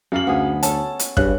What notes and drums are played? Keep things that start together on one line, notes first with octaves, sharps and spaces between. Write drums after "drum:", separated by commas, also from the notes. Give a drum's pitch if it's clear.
F#2 A#3 F5 F#7
D2 B3 G#4
C#4 A4 A5, drum: hi-hat
drum: hi-hat
G2 C#3 F#6, drum: kick